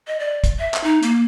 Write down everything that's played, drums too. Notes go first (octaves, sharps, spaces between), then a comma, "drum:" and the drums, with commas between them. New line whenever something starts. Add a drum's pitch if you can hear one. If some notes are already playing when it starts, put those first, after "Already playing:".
D#5
D5
drum: kick, hi-hat
E5
drum: clap
D#4
A#3, drum: hi-hat